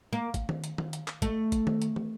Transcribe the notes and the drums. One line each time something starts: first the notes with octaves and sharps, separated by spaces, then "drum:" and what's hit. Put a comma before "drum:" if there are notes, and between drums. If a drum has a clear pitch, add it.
A#3
drum: kick, hi-hat
drum: tom D#3
drum: hi-hat
drum: tom D#3
drum: hi-hat
drum: clap
A3, drum: kick, hi-hat
drum: kick, hi-hat
drum: tom D#3
drum: hi-hat
drum: tom